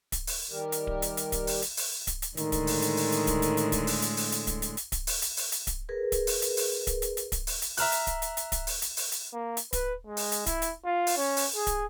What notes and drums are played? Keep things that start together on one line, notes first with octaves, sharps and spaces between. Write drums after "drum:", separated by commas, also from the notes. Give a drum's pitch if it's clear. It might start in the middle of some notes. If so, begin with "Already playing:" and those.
drum: kick D1, hi-hat
drum: open hi-hat
D#3 G3 G4 A#4
drum: hi-hat
drum: kick D1
drum: hi-hat
drum: hi-hat
drum: kick D1, hi-hat
drum: open hi-hat
drum: hi-hat
drum: open hi-hat
drum: kick D1, hi-hat
drum: hi-hat
A2 D3 D#3 G#3, drum: hi-hat
drum: kick D1, hi-hat
drum: open hi-hat
drum: hi-hat
drum: open hi-hat
drum: hi-hat
drum: kick D1, hi-hat
drum: hi-hat
drum: hi-hat
drum: kick D1, hi-hat
drum: open hi-hat
drum: hi-hat
drum: open hi-hat
drum: hi-hat
drum: kick D1, hi-hat
drum: hi-hat
drum: hi-hat
drum: kick D1, hi-hat
drum: open hi-hat
drum: hi-hat
drum: open hi-hat
drum: hi-hat
drum: kick D1, hi-hat
G#4 A#4 B4
drum: kick D1, hi-hat
drum: open hi-hat
drum: hi-hat
drum: open hi-hat
drum: kick D1, hi-hat
drum: hi-hat
drum: hi-hat
drum: kick D1, hi-hat
drum: open hi-hat
drum: hi-hat
E5 A#5 F6 F#6, drum: open hi-hat
drum: hi-hat
drum: kick D1, hi-hat
drum: hi-hat
drum: hi-hat
drum: kick D1, hi-hat
drum: open hi-hat
drum: hi-hat
drum: open hi-hat
drum: hi-hat
A#3
drum: hi-hat
B4, drum: kick D1, hi-hat
G#3
drum: open hi-hat
drum: hi-hat
E4, drum: kick D1, hi-hat
drum: hi-hat
F4
drum: open hi-hat
C#4
drum: open hi-hat
G#4
drum: kick D1, hi-hat